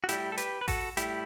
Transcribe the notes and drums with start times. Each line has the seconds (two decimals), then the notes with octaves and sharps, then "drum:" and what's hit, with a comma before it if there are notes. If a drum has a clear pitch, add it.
0.04 F#4
0.09 A2 G3 E4 G4, drum: hi-hat
0.32 A4
0.38 G4 B4, drum: hi-hat
0.61 B4
0.68 F#4 A4, drum: kick A1, open hi-hat
0.97 A2 G3 E4 G4, drum: hi-hat